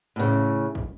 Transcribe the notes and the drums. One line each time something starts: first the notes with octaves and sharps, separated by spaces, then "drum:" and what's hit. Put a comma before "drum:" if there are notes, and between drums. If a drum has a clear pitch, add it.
A2 C#3
drum: kick